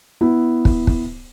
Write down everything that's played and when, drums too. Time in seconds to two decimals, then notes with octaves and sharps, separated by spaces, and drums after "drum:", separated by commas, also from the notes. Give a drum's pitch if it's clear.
0.21 B3 E4
0.65 drum: kick
0.87 drum: kick